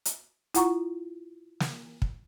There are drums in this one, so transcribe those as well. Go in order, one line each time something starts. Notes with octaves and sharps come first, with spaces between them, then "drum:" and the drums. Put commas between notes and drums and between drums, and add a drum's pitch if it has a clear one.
drum: hi-hat
E4 F4 F#5 A#5 C#6, drum: hi-hat
drum: snare
drum: kick